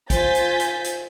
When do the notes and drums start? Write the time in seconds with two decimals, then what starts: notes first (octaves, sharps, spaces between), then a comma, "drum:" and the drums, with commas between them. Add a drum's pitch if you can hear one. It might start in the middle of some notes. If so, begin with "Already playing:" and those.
0.10 F4 C5 G#5 G6 A6 B6, drum: kick, hi-hat
0.35 drum: hi-hat
0.60 drum: hi-hat
0.84 drum: hi-hat